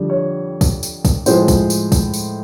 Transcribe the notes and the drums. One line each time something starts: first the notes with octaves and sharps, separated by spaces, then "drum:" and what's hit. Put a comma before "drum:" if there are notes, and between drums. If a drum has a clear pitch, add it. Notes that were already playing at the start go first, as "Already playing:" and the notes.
Already playing: F2 D3 G3
C#5
drum: kick, tambourine
drum: tambourine
drum: kick, tambourine
A2 F3 G#3 C5, drum: tambourine
drum: kick, tambourine
drum: tambourine
drum: kick, tambourine
drum: tambourine